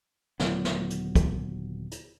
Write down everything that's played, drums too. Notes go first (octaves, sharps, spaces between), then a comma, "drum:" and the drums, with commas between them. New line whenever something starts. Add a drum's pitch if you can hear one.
D#1 D3 F#3 B3, drum: snare
drum: snare
drum: hi-hat
drum: kick, hi-hat
drum: hi-hat